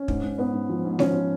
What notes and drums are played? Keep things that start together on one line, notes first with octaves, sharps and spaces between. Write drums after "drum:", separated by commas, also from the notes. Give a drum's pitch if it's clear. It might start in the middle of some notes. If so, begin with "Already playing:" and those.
Already playing: C#4
G#2, drum: kick
G#2
G#2 B3
G#2
F3
G#2
F3 C#4, drum: snare G#3
F3